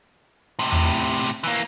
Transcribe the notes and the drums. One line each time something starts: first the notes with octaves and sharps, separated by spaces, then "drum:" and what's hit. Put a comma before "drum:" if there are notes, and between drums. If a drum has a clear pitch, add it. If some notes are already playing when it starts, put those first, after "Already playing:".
A2 C3
drum: tom E2
E3 A#3